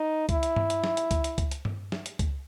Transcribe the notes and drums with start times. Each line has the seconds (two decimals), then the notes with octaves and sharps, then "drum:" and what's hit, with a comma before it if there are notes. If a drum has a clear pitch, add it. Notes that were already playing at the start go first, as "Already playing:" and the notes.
Already playing: D#4
0.29 E4, drum: kick C#2, hi-hat
0.43 drum: hi-hat
0.56 drum: tom G2
0.70 drum: hi-hat
0.84 drum: snare
0.97 drum: hi-hat
1.11 drum: kick C#2, hi-hat
1.24 drum: hi-hat
1.38 drum: kick C#2, hi-hat
1.51 drum: hi-hat
1.65 drum: tom G2
1.92 drum: snare
2.06 drum: hi-hat
2.19 drum: kick C#2, hi-hat